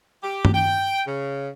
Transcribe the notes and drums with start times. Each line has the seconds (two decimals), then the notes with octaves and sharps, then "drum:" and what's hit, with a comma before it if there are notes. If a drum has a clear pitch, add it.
0.23 G4
0.45 drum: tom
0.54 G5
1.07 C#3